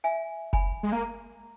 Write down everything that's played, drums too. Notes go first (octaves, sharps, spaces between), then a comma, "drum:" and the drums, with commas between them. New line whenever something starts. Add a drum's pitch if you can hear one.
E5 G#5
G#5 B5, drum: kick F1
G#3
A#3 A#5